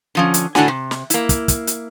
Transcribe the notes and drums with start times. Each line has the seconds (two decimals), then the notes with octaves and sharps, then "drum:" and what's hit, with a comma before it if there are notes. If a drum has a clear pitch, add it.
0.15 D3 F3 C#4
0.34 drum: hi-hat
0.55 A2 D3 D4 F#4 G#5, drum: snare
0.68 C3
0.91 drum: snare
1.10 A#3 E4, drum: hi-hat
1.29 drum: kick, hi-hat
1.48 drum: kick, hi-hat
1.67 drum: hi-hat